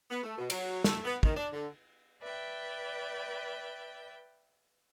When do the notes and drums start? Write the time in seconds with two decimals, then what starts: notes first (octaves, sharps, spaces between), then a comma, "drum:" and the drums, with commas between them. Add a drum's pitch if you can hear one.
0.11 B3
0.23 A3
0.38 B2
0.50 F#3, drum: cymbal
0.84 A3, drum: snare
1.04 B3
1.23 D#3, drum: kick
1.37 D4
1.53 D3
2.21 B4 D5 E5 G5